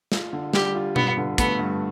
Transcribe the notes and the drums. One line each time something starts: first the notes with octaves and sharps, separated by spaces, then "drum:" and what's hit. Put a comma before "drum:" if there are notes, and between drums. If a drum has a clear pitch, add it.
F4, drum: snare
D3
G3 G4, drum: snare
F4
G2 B3, drum: tom B2
D3
A3 B3, drum: kick, hi-hat
G2